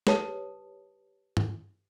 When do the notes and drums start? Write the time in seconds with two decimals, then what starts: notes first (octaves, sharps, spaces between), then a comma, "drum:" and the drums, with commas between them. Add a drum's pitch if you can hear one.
0.07 G4 B4 C#5 A5 D#6, drum: snare
1.37 drum: tom G2